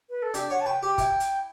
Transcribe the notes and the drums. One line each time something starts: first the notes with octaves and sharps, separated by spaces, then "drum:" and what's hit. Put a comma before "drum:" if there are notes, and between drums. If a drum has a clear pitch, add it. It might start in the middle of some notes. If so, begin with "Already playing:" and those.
B4
A4
D4 G4, drum: hi-hat
C#5 F#5
A5
B4 G5
G4 G5
E4, drum: kick, hi-hat
drum: hi-hat